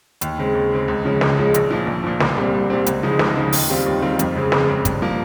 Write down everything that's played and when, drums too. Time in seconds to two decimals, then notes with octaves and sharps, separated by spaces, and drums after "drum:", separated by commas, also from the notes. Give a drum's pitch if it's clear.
0.21 D#2, drum: hi-hat
0.38 C#3 G#3 C4
0.55 D#2
0.71 C#3 G#3 C4
0.88 C#2
1.04 C#3 F3 G#3 C#4
1.21 C#2, drum: snare
1.38 C#3 F3 G#3 C#4
1.54 A#1, drum: hi-hat
1.71 A#2 F3
1.87 A#1
2.04 A#2 F3
2.20 C2, drum: snare
2.37 A#2 G3 C4
2.53 C2
2.70 A#2 G3 C4
2.86 C#2, drum: hi-hat
3.03 C#3 F3 G#3 D#4
3.19 C#2, drum: snare
3.36 C#3 F3 G#3 D#4
3.53 D#2, drum: open hi-hat
3.70 D#3 G3 C4 F4
3.86 D#2
4.02 D#3 G3 C4 F4
4.19 F2, drum: hi-hat
4.36 C#3 G#3 C4
4.52 F2, drum: snare
4.69 C#3 G#3 C4
4.85 G2, drum: kick, hi-hat
5.02 F3 A#3